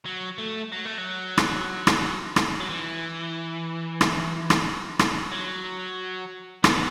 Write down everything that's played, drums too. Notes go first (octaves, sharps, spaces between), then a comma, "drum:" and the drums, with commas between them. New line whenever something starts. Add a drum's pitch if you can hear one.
F#3
A3
F#3
A3
F#3
drum: rim click
drum: rim click
drum: rim click
F#3
E3
drum: rim click
drum: rim click
drum: rim click
F#3
B3, drum: rim click